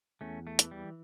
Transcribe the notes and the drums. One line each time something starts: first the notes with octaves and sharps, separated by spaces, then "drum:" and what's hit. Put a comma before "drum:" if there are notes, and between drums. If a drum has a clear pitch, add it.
E2 A3 C#4
A3
E3, drum: hi-hat
G3